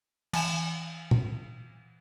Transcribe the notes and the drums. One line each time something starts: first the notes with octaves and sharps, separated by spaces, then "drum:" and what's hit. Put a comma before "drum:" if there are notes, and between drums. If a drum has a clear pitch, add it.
E3 G#5 E7, drum: cymbal
drum: tom